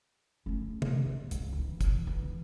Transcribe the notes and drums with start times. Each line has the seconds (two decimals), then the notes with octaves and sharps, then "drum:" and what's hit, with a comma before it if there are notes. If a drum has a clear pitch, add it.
0.46 A3 C#4
0.82 drum: tom
1.05 F2
1.31 C#2 C4, drum: hi-hat
1.52 E3
1.81 drum: kick, hi-hat
2.07 E3 B3